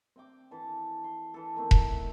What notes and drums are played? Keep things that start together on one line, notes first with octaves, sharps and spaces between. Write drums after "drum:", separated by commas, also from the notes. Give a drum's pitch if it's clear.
C4 G5 D6
E3 A4 A5
C6
E3 A4
D#3 A3 B3 C4
drum: kick E1